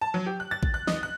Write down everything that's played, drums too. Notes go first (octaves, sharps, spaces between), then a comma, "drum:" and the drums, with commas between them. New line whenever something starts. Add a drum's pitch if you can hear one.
A5
F#3
G4
F#6
A6
drum: kick
F#6
D#5, drum: snare
F#6